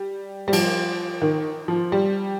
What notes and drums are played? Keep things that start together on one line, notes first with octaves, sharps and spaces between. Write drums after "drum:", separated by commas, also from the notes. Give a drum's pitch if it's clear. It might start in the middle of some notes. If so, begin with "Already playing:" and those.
Already playing: G3
G3
F3, drum: cymbal
D#3
F3
G3